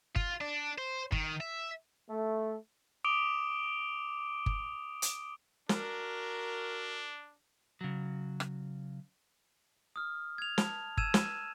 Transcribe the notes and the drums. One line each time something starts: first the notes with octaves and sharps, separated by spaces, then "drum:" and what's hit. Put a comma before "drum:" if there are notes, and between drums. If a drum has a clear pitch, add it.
F4, drum: kick G1
D4
C5
D#3, drum: kick G1
E5
A3
D6 D#6 D7 F7 G7
drum: kick G1
drum: hi-hat
D4 F#4 A#4, drum: snare
C#3 F#3
drum: rim click
D#6 F6
G#6 F7
A5, drum: snare
E6 G#6 D#7 E7, drum: kick G1
drum: snare